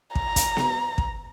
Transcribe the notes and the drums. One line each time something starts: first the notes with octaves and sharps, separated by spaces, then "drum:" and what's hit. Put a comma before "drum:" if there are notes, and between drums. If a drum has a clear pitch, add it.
A#5, drum: kick
drum: kick, hi-hat
drum: snare B3
drum: kick